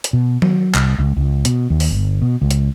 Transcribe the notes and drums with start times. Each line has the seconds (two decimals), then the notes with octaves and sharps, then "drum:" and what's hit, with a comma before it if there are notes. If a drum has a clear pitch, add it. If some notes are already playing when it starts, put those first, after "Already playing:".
0.04 drum: hi-hat
0.13 B2
0.42 F#3, drum: tom D#3
0.74 C2, drum: clap
0.99 C#2
1.17 C#2
1.45 B2, drum: hi-hat
1.70 D#2
1.80 drum: open hi-hat
1.91 G1
2.22 B2
2.42 C#2
2.51 drum: hi-hat